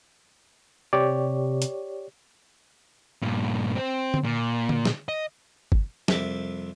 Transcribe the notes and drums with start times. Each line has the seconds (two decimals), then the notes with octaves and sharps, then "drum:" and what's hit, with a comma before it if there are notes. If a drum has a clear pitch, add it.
0.93 C3 G4 C#5 D5
1.62 drum: hi-hat
3.22 G2 A#2
3.76 C4
4.14 drum: tom D3
4.24 A#2
4.69 drum: tom D3
4.85 drum: snare
5.09 D#5
5.72 drum: kick
6.08 C2 F2 E5 D6, drum: snare